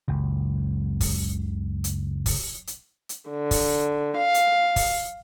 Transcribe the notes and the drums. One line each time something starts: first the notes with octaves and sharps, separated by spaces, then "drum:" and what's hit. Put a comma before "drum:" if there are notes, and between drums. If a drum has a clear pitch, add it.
F#1 C#2
drum: kick, open hi-hat
drum: hi-hat
drum: kick, open hi-hat
drum: hi-hat
drum: hi-hat
D3
drum: kick, open hi-hat
F5
drum: hi-hat
drum: kick, open hi-hat